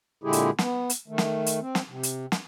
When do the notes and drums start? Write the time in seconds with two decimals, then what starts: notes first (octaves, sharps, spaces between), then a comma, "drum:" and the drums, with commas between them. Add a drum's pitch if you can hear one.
0.24 A#2 D3 G#3 E4 G4 G#4
0.33 drum: hi-hat
0.58 B3, drum: snare
0.90 drum: hi-hat
1.08 D#3 A3
1.18 drum: snare
1.46 drum: hi-hat
1.61 C4
1.75 drum: snare
1.89 C3
2.03 drum: hi-hat
2.32 drum: snare